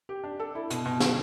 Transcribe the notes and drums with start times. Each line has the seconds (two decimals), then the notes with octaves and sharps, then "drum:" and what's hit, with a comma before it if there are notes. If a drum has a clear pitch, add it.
0.09 G4
0.24 D4
0.40 A4
0.55 E4
0.70 B2, drum: hi-hat
0.85 B2
1.00 D3, drum: snare